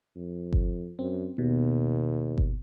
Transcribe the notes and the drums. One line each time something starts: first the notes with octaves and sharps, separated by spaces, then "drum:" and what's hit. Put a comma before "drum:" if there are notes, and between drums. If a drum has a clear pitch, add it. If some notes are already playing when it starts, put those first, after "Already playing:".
F2
drum: kick G1
F#2 C4
D#2 B2
drum: kick G1